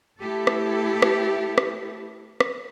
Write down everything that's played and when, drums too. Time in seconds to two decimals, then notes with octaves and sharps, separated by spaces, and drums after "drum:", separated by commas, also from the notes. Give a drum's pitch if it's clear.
0.20 A3 E4 G4 A4
0.47 drum: rim click
1.02 drum: rim click
1.58 drum: rim click
2.40 drum: rim click